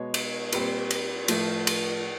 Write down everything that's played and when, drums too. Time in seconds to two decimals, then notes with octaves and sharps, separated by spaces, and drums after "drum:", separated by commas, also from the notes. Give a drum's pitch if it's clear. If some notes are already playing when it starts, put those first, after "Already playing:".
Already playing: B2 G#3 B3 C#5
0.14 drum: cymbal
0.52 A#2 G3 C4 B4, drum: cymbal
0.91 drum: cymbal
1.28 A2 F3 A3, drum: cymbal
1.67 drum: cymbal